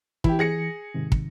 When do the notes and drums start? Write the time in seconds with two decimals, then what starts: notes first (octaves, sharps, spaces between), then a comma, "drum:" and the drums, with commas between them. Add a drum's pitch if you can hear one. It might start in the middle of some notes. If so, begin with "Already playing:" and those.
0.24 E3 E4 G4, drum: kick
0.39 G#4 A#6 C#7
0.94 G#2 C3 D#3
1.12 drum: kick